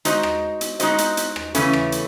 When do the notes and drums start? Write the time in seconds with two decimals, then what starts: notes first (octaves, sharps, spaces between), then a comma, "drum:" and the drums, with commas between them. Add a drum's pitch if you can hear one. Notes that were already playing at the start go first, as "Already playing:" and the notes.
0.05 G#3 D#4 F#4 C5 D#5, drum: hi-hat
0.23 drum: rim click
0.61 drum: hi-hat
0.80 G#3 D#4 F#4 C5 D#5, drum: hi-hat
0.98 drum: hi-hat
1.17 drum: hi-hat
1.36 drum: rim click
1.55 C#3 E3 A3 C#4, drum: hi-hat
1.73 drum: rim click
1.92 drum: hi-hat